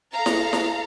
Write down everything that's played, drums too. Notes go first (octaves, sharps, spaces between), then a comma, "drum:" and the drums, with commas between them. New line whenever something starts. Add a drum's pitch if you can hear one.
A4 F5 A#5
drum: snare E4
drum: snare E4